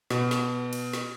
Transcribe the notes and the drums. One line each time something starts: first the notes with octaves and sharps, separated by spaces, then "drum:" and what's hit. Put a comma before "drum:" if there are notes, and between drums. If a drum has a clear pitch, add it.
B2, drum: snare
drum: snare
drum: cymbal
drum: snare